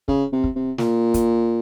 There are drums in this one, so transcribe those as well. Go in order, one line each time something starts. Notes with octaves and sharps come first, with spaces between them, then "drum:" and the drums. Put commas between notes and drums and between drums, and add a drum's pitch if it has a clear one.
C#3, drum: kick
C3
drum: kick
C3
A#2, drum: snare
drum: kick, hi-hat